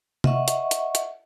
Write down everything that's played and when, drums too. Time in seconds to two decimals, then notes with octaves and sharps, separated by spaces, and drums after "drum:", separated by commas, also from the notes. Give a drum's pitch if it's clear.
0.24 D#5 E5 F#5 C#6, drum: tom C3
0.48 drum: hi-hat
0.71 drum: hi-hat
0.95 drum: hi-hat